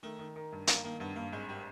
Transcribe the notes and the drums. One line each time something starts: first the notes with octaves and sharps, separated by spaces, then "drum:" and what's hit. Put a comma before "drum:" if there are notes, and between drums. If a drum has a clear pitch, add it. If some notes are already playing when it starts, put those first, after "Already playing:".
D#3 A3
D#3
D#3
G2
D#3 A#3, drum: hi-hat
D#3 A#3
G2 B3
G2 A#3
G#1 G#3
G3